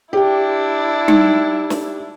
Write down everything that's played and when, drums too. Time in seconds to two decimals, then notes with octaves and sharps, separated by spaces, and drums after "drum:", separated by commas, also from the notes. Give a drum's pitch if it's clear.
0.13 D4 E4 G4 G5
1.08 D#4, drum: tom G3
1.70 drum: snare